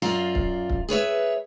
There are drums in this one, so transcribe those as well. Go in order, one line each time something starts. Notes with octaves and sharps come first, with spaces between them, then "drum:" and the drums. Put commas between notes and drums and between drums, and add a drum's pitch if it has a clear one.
F#2 F4 D5 F5 A#5
drum: kick C#1
drum: kick C#1
G#4 B4 C#5 E5